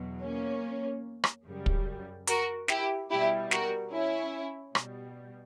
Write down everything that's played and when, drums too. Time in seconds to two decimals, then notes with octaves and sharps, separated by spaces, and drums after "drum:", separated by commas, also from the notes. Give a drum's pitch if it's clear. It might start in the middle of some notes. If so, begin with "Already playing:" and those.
Already playing: E2 B2 F#3
0.22 A#3 C#4
1.24 drum: rim click
1.45 F#2 C#3 G3
1.66 drum: kick
2.27 F#4 A#4, drum: hi-hat
2.68 E4 G4, drum: snare
3.10 B2 G3 E4 G4
3.51 F#4 A#4, drum: snare
3.92 C#4 E4
4.75 B2 G3, drum: rim click